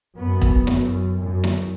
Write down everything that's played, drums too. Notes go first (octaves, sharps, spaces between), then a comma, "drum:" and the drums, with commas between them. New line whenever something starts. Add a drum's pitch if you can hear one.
F#2 B3
drum: kick E1
F#2, drum: snare
F#2
drum: snare